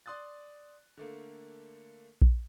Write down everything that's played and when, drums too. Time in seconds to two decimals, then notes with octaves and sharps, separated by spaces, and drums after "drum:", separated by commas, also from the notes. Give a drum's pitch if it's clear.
0.06 D5 C6 D#6 F#6 A6
0.97 D3 A3 A#3
2.22 drum: kick A#1